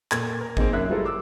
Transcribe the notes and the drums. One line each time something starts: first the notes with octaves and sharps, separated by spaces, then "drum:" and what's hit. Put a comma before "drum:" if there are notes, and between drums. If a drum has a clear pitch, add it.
A#2 A4 G#6, drum: clap
A#4
A#3 C4 D#4 G#4, drum: kick G#1
F#2 E5 F#6
G3 G#3 E4 F4 A4 A#4
D6 E6